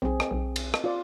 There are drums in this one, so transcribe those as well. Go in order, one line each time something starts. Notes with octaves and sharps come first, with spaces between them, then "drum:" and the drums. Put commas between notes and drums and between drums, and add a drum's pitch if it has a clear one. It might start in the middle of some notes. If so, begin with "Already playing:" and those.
B1 C4 G#4
drum: rim click
B1
drum: cymbal
drum: rim click
F4 D5